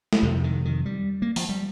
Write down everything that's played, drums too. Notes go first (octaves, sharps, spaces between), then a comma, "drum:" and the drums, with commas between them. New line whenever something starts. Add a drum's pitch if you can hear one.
drum: snare G#3
F2 C3
D#3
D#3
G3
A#3
F3, drum: open hi-hat
G3